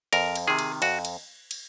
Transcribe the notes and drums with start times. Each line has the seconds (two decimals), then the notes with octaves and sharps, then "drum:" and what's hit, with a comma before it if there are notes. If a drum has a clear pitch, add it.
0.13 F2 A#4, drum: cymbal
0.35 drum: cymbal
0.47 C3 D#3 G#4
0.59 drum: cymbal
0.82 F2 F#4, drum: cymbal
1.05 drum: cymbal
1.51 drum: cymbal